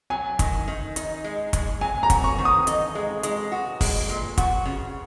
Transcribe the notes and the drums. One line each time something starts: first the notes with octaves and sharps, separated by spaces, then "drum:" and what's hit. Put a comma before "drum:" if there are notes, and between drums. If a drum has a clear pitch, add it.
F#3 G#5
D#3, drum: kick, hi-hat
D#3
D#4, drum: hi-hat
G#3
G#3, drum: kick, hi-hat
F#3 G#5
A#5
F#4, drum: kick, hi-hat
C#6
D#3
D#6
D#4, drum: hi-hat
G#3
G#3, drum: hi-hat
F#4
G#3, drum: kick, open hi-hat
A#2
F#4, drum: kick, hi-hat
C#3